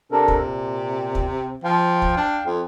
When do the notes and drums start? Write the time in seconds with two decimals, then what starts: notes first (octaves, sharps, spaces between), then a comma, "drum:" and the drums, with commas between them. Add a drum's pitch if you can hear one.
0.12 C3 D4 A4 A#4
0.28 drum: kick
0.42 A#2
1.15 drum: kick
1.64 F3 F5 G5
2.02 drum: kick
2.17 D4
2.45 F2